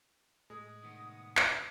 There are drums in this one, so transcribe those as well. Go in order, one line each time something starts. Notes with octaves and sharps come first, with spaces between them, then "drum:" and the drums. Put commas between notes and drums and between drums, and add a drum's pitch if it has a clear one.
A2 G#3 D#6
C2 D#3 B3
drum: clap